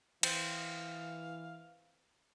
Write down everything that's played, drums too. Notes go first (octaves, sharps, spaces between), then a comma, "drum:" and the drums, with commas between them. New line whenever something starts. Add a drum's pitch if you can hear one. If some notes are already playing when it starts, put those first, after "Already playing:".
E3 C4 F5, drum: cymbal